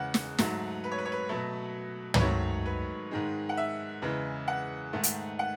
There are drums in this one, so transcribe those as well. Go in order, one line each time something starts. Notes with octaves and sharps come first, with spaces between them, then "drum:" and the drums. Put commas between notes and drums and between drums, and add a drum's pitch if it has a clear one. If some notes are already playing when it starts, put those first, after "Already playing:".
Already playing: E2 C#3 G#3 F#5
drum: snare
G#2 F#3 A3, drum: snare
B4
C#5
B4
C#5
B4
B2 F#3 A3 B4
B4, drum: tom
G#2 D#3 F#3 A3 C#5
B4
G#2 D#3 G#3
F#5
E5
E2 C#3 E3 G#3
F#5
G#2 D#3 A3
drum: hi-hat
F#5